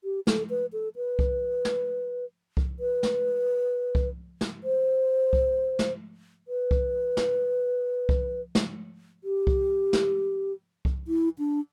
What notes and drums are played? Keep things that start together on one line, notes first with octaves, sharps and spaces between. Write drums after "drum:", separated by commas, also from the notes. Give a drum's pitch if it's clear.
G4
A4, drum: snare
B4
A4
B4
drum: kick C2
drum: snare
drum: kick C2
B4
drum: snare
drum: kick C2
drum: snare
C5
drum: kick C2
drum: snare
B4
drum: kick C2
drum: snare
drum: kick C2
drum: snare
G4
drum: kick C2
drum: snare
drum: kick C2
E4
D4